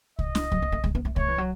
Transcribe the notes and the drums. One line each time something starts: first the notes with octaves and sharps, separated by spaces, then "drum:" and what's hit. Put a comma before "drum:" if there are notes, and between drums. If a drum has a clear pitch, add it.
D#5, drum: kick C2
drum: snare
F#3, drum: kick C2
A3
A3
G#3, drum: kick C2
B3
A3
A3 C#5, drum: kick C2
E3
F#3